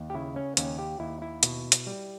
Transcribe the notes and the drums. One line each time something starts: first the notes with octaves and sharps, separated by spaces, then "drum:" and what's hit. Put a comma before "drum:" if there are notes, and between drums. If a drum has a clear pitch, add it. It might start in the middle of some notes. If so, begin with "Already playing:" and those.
Already playing: D#2
G4
C#3 E4
C#4
D#2 C#4, drum: hi-hat
G4
D#2 E4
E4
B2, drum: hi-hat
drum: hi-hat
G3